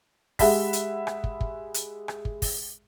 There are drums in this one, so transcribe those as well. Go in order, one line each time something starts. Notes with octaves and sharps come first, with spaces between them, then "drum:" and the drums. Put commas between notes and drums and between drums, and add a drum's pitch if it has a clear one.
G#3 G4 E5 F#5 B5 B6, drum: kick, open hi-hat
drum: hi-hat
drum: rim click
drum: kick
drum: kick
drum: hi-hat
drum: rim click
drum: kick
drum: kick, open hi-hat